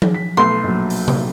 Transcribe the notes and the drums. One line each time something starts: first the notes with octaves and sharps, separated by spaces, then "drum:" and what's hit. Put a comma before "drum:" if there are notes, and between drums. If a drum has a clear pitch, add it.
drum: tom F3
B6
B1 A3 C6
A#1 F#3
drum: open hi-hat
drum: tom C3